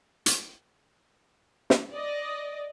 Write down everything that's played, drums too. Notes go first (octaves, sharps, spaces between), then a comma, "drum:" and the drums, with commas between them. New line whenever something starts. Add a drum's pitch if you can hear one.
drum: hi-hat
drum: snare
D5 D#5